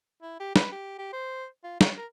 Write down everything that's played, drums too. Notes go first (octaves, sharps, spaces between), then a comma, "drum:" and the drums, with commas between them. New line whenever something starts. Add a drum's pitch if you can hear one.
E4
G4
B4, drum: snare
G4
G4
C5
F4
C#5, drum: snare
A#4